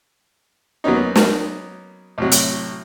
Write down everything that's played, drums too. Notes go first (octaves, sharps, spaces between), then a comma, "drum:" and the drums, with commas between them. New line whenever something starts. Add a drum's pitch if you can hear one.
F#3 A#3 B3 C#4 D#4
drum: snare
A1 C3 F#3
drum: hi-hat